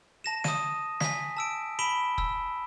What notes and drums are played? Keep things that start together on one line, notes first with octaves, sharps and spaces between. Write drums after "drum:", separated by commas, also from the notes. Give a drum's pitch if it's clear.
A5 A#6 E7
D#6 D#7, drum: snare
G#5 B6, drum: snare
A5 E6 D7
B5 B6 D7 E7 G7
E6, drum: kick